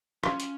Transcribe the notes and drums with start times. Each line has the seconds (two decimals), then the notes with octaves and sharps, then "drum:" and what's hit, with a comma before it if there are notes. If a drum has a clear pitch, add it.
0.23 C#4 F4, drum: rim click
0.40 drum: hi-hat